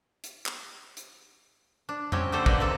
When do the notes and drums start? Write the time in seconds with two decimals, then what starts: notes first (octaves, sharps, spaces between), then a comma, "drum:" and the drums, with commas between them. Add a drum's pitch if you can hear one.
0.24 drum: hi-hat
0.46 drum: clap
0.97 drum: hi-hat
1.89 D4
2.12 F#3 C4 C#4 G4, drum: tom F2
2.32 D3 A3 G4 A4 C5
2.46 B2 D3 G3 A#3 B4, drum: kick
2.60 C3 D#3 C4 A4